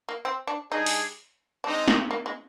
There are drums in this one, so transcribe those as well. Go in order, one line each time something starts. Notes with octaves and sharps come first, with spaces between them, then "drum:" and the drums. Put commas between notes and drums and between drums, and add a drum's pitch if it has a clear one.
A#3
C4
D4
G3 D4 D#4 G#4
drum: open hi-hat
G#3 C4 D4 D#4
A#3, drum: snare
A#3
G#3